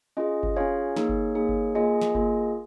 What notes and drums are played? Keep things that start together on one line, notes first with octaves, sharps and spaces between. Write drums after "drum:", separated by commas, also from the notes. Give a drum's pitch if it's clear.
C#4 F4 G#4 D#5
drum: kick G1
C#4 F4 G#4 C#5 F5
A#3 D#4 G#4, drum: snare
drum: kick G1
A#3 D#4 G#4
drum: kick G1
A#3 F4 G#4 D#5 G#5
drum: snare
A#3 F4 G#4, drum: kick G1